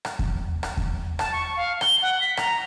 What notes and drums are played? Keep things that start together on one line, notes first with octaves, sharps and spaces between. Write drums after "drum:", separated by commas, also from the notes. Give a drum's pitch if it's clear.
drum: rim click
drum: kick E2
drum: rim click
drum: kick E2
A5, drum: rim click
C#6
F5
G7, drum: rim click
F#5
B6
A#5, drum: rim click